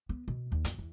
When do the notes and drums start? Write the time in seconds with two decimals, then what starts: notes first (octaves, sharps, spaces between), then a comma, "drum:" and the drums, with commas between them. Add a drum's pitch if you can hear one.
0.09 B3
0.28 B2
0.52 D#2
0.65 F#2, drum: hi-hat
0.79 E2